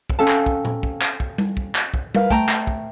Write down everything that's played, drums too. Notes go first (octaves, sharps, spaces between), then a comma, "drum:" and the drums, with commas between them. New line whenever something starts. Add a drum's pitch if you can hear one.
drum: kick
C4 C#4 A4 F5 A5
drum: clap
drum: kick
drum: tom A#2
drum: kick
drum: clap
drum: kick
drum: tom G3
drum: kick
drum: clap
drum: kick
A#4 B4 F5, drum: tom G3
A3 G5 A5 A#5, drum: kick
drum: clap
drum: kick